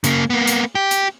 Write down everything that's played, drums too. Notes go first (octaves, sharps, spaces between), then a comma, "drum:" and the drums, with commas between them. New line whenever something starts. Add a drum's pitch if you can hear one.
C#3 A#3, drum: hi-hat
A#3 B3
drum: hi-hat
G4
drum: hi-hat